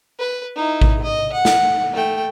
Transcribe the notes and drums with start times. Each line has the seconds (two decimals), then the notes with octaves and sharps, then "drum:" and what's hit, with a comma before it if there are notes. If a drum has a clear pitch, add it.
0.19 B4
0.56 D#4 E4
0.81 drum: kick A1
1.03 D#5
1.32 F#5
1.45 drum: snare
1.94 A3 G5